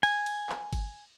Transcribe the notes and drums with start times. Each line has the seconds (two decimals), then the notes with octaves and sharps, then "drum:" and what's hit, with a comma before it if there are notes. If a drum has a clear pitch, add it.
0.03 G#5, drum: cymbal
0.26 drum: cymbal
0.49 drum: clap
0.73 drum: kick G1, cymbal